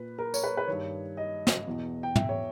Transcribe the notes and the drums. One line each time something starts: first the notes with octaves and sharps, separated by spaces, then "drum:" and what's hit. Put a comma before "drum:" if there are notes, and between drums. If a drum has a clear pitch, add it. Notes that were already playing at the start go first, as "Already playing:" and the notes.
Already playing: A#2 B4
A#4
C#5, drum: tambourine
B4
B4
G2 D#3 C#5
D#5
drum: snare
E2 B2
G5
E5, drum: tom
C#5